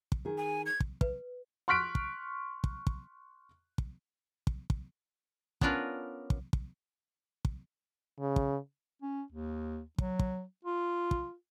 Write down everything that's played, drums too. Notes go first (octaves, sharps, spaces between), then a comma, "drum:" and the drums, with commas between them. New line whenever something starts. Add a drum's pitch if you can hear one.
drum: kick
D#3 G#4
G#5
G#6
drum: kick
B4, drum: kick
C6 C#6 F6 F#6 B6 D7
drum: kick
drum: kick
drum: kick
drum: kick
drum: kick
drum: kick
B3 C#4 D4 F4 A#4 B4, drum: kick
drum: kick
drum: kick
drum: kick
C#3
drum: kick
C#4
D#2
F#3, drum: kick
drum: kick
F4
drum: kick